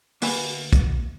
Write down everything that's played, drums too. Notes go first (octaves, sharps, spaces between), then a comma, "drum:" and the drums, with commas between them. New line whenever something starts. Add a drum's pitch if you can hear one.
D2 A#3 F#4 B4 E5 G#5, drum: open hi-hat
drum: kick, hi-hat